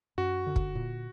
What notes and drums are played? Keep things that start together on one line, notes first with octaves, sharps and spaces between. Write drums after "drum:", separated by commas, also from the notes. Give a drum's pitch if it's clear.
F#2 F#4
D3
drum: kick
A#2